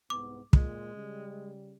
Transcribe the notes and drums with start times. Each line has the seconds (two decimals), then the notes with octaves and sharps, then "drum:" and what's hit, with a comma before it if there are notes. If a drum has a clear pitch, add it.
0.10 C2 G#2 B3 D6
0.53 A#2 G#3 F4, drum: kick
0.95 C#3 G3